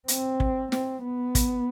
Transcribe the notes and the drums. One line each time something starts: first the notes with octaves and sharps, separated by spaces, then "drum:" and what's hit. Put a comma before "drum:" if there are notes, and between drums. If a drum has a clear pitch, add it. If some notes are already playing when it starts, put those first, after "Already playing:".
C4, drum: hi-hat
drum: kick
C4, drum: snare
B3
drum: kick, hi-hat